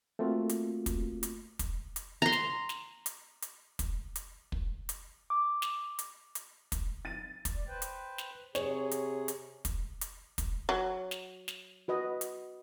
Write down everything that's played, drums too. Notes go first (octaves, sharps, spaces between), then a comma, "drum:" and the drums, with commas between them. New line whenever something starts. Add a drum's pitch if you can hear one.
A3 A#3 C4 F4 F#4
drum: hi-hat
drum: kick, hi-hat
drum: hi-hat
drum: kick, hi-hat
drum: hi-hat
A#5 C6
drum: snare
drum: snare
drum: hi-hat
drum: hi-hat
drum: kick, hi-hat
drum: hi-hat
drum: kick
drum: hi-hat
D6
drum: snare
drum: hi-hat
drum: hi-hat
drum: kick, hi-hat
A6 D#7
drum: kick, hi-hat
D5
B4 C5 G5
drum: hi-hat
drum: snare
C3 G#4 C#5, drum: snare
drum: hi-hat
drum: hi-hat
drum: kick, hi-hat
drum: hi-hat
drum: kick, hi-hat
F#3
drum: snare
drum: snare
F#4 B4 D#5
drum: hi-hat